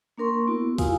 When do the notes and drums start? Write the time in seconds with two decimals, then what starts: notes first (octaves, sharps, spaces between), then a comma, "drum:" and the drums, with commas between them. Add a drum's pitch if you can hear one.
0.18 A#3 D4 A#4 C6 C#6
0.47 B3 E4 F#4
0.78 E4 F4 G4 F5 G#5 D#6, drum: kick, open hi-hat